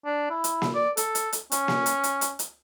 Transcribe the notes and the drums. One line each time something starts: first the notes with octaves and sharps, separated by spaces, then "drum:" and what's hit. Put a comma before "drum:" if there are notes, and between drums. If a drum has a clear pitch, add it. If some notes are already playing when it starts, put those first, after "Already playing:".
D4
E4
drum: hi-hat
drum: snare A#3
D5
A4, drum: hi-hat
drum: hi-hat
drum: hi-hat
C#4, drum: hi-hat
drum: snare A#3
drum: hi-hat
drum: hi-hat
drum: hi-hat
drum: hi-hat